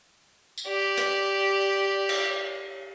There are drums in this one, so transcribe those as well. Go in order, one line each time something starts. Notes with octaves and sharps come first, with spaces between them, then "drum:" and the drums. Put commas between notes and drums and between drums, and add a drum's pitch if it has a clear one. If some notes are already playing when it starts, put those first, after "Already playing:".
drum: tambourine
G4 D5
drum: hi-hat
drum: cymbal